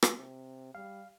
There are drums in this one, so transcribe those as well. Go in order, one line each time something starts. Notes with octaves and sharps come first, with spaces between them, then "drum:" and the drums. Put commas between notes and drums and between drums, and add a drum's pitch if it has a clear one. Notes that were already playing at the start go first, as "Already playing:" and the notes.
drum: rim click
C3
G3 F5